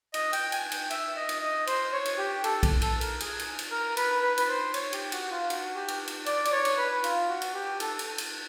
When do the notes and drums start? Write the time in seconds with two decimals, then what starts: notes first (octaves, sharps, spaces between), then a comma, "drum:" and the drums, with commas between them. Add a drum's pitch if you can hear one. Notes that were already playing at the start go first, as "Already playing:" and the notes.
0.14 D#5, drum: cymbal
0.33 G5, drum: cymbal
0.52 G#5, drum: cymbal
0.71 G5, drum: cymbal
0.90 E5, drum: cymbal
1.16 D#5
1.29 drum: cymbal
1.41 D#5
1.67 C5, drum: cymbal
1.92 C#5
2.05 drum: cymbal
2.18 G4
2.44 A4, drum: cymbal
2.63 drum: kick, cymbal
2.82 A4, drum: cymbal
3.01 A#4, drum: cymbal
3.20 G#4, drum: cymbal
3.39 drum: cymbal
3.59 drum: cymbal
3.71 A#4
3.97 B4, drum: cymbal
4.23 B4
4.38 B4, drum: cymbal
4.49 C5
4.74 C#5, drum: cymbal
4.93 G4, drum: cymbal
5.12 F#4, drum: cymbal
5.31 F4
5.50 F#4, drum: cymbal
5.75 G4
5.88 drum: cymbal
6.07 drum: cymbal
6.26 D5, drum: cymbal
6.45 D5, drum: cymbal
6.52 C#5
6.65 drum: cymbal
6.78 B4
7.04 F4, drum: cymbal
7.29 F#4
7.42 drum: cymbal
7.54 G4
7.80 A4, drum: cymbal
7.99 drum: cymbal
8.18 drum: cymbal